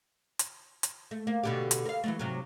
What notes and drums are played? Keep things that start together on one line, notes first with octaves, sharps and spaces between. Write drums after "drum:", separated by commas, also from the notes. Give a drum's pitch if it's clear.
drum: hi-hat
drum: hi-hat
A3
A#3
B2 D3 G4
drum: hi-hat
A#4 F5
E3 F#3 A3
G#2 C3 F#3